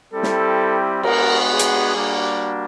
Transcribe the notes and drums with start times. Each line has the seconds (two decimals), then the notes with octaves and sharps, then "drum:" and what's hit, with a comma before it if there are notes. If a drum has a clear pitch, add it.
0.13 G3 C4 E4 G4 A4
0.23 drum: snare
1.03 G#3 B3 D4 F#4 A#4, drum: cymbal
1.49 G#4
1.59 drum: hi-hat
1.95 G3 A#3 D4 F#4